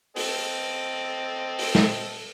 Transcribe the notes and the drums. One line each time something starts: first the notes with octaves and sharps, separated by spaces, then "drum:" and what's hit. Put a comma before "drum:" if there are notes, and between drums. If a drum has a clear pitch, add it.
C4 A4 D#5, drum: open hi-hat
drum: open hi-hat
drum: snare